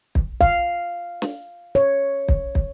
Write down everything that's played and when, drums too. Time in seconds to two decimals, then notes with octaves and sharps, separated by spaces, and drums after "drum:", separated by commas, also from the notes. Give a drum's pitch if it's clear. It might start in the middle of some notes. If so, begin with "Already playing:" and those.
0.15 drum: kick
0.41 F5, drum: kick
1.22 drum: snare
1.75 C#5
2.28 drum: kick
2.55 drum: kick